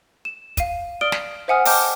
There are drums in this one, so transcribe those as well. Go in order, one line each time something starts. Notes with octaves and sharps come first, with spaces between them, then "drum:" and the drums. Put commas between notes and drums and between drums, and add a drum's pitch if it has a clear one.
E7
F5 D#7, drum: kick, hi-hat
D5 D#6 F6 D7 G7
drum: snare
C5 E5 F#5 G#5 D#6 F6
D#5 G5 A5 D6 F6 G6, drum: open hi-hat